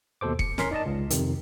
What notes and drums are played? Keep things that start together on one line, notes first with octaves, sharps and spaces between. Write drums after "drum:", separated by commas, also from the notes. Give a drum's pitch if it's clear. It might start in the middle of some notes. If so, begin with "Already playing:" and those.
D#2 B2 A4 C5 D6
C#7, drum: kick
G#1 C#4 A#4 C6 B6 C7, drum: snare
D#4 D5 D#5 A5
C#2
F2 C3 D#3, drum: hi-hat